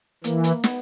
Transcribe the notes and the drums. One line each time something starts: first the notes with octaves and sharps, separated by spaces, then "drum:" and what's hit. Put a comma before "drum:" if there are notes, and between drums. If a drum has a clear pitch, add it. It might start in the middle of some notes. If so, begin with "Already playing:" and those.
E3 A#3, drum: hi-hat
drum: hi-hat
B3, drum: snare